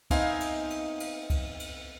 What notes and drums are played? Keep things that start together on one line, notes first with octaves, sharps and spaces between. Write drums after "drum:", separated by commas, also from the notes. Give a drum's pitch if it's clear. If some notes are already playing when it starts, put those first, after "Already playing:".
B3 C4 D#4 E5 F5 G#5, drum: kick C2, cymbal
drum: cymbal
drum: cymbal
drum: cymbal
drum: kick C2, cymbal
drum: cymbal